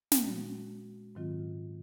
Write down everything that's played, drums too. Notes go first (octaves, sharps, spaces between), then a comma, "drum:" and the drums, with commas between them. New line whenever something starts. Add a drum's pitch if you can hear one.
drum: snare
A#2 G#3 C#4 F#4
G#2 D#3 F#3 C4 F4